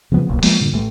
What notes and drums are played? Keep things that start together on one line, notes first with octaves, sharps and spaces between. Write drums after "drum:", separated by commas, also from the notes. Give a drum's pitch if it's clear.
C#3 F3 B3
D1 B1 A#2
F3 G#3 A#3 B3, drum: open hi-hat
G2 A#2 D3
A1 A3